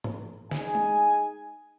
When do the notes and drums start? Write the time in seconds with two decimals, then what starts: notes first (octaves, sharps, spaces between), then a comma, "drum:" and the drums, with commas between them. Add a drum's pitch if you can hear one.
0.04 drum: tom G#2
0.51 D#4 G#4 G#5, drum: snare
0.75 drum: tom G#3